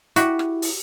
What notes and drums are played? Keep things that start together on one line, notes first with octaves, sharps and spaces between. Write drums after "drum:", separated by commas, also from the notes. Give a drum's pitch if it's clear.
E4 F#4 G4, drum: hi-hat
drum: rim click
drum: open hi-hat